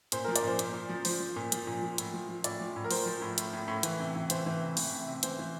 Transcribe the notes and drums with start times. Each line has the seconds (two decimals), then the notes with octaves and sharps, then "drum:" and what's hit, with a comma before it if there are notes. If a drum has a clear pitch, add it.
0.12 A#2 C5, drum: hi-hat
0.24 A#4
0.28 F3
0.36 D5, drum: hi-hat
0.43 A#2 C5
0.59 A#2, drum: hi-hat
0.74 A#2
0.89 F3
1.05 F3 C5, drum: open hi-hat
1.20 F3
1.36 A#2
1.52 F3, drum: hi-hat
1.67 A#2
1.83 F3
1.98 A2, drum: hi-hat
2.14 F3
2.29 F3
2.44 A2 D5, drum: hi-hat
2.60 F3
2.76 A2
2.84 A#4
2.91 F3 C5, drum: open hi-hat
3.06 F3
3.21 A2
3.38 A2, drum: hi-hat
3.53 A2
3.68 A2
3.83 E3, drum: hi-hat
4.00 C3
4.15 E3
4.30 E3 C5, drum: hi-hat
4.46 E3
4.61 C3
4.77 E3, drum: open hi-hat
4.92 C3
5.08 C3
5.23 E3 C5, drum: hi-hat
5.39 E3